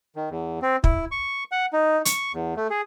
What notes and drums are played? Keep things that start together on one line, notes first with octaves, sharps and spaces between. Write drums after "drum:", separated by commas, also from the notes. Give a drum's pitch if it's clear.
D#3
E2
C4
E4, drum: kick
C#6
F#5
D#4
C#6, drum: hi-hat
E2
A3
G#4